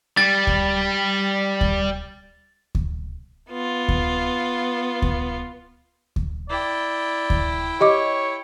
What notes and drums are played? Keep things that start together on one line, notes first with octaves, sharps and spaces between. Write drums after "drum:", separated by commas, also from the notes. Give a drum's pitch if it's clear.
G3 A6
drum: kick D2
drum: kick D2
drum: kick D2
B3 F4
drum: kick D2
drum: kick D2
drum: kick D2
E4 D5 G5
drum: kick D2
G4 C#5 D#5 D6